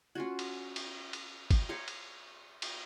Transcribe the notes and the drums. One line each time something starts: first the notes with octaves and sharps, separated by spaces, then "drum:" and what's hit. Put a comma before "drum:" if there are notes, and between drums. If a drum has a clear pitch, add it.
C#4 F4 F#4
drum: cymbal
drum: cymbal
drum: cymbal
drum: kick, cymbal
C5 C#5 F5 A#5
drum: cymbal
drum: cymbal